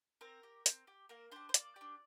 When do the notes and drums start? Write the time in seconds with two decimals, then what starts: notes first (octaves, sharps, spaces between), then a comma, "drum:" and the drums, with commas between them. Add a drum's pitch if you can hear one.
0.21 C4 A#4
0.43 G4
0.66 C4, drum: hi-hat
0.87 G4
1.09 A#3 A#4
1.32 D4 G4 C5
1.49 C5
1.54 A#3 D5, drum: hi-hat
1.76 D4 G4